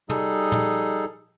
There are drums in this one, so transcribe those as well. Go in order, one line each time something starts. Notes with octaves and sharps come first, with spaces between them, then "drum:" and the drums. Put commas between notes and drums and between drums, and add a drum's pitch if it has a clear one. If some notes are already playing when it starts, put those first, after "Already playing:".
G3 D#4 G#4 A4, drum: tom
drum: tom